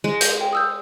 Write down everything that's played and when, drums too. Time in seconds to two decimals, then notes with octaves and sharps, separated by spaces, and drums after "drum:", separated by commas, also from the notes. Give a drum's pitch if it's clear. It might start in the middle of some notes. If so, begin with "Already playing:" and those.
0.04 G#3
0.21 G6 A#6, drum: hi-hat
0.41 G5
0.53 D#6 E6 G6